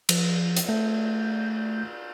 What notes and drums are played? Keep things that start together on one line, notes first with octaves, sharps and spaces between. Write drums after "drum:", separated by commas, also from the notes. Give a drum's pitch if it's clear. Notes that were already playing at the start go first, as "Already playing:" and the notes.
F3, drum: cymbal
drum: hi-hat
A3 G6